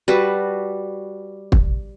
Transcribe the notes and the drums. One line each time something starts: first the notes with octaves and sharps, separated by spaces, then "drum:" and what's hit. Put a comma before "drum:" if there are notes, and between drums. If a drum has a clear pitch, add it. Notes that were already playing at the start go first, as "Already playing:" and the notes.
G3 F#4 B4 A5
drum: kick